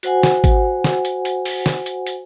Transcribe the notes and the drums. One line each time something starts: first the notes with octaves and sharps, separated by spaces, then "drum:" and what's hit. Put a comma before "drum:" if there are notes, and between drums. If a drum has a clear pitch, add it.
F#4 C5 F#5 G#5, drum: hi-hat
drum: snare
drum: kick G#1, hi-hat
drum: snare
drum: hi-hat
drum: hi-hat
drum: open hi-hat
drum: snare
drum: hi-hat
drum: hi-hat